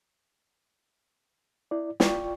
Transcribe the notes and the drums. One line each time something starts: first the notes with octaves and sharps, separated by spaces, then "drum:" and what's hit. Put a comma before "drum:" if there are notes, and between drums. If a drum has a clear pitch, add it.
E4 D5
F4 D5 G5 C#6, drum: snare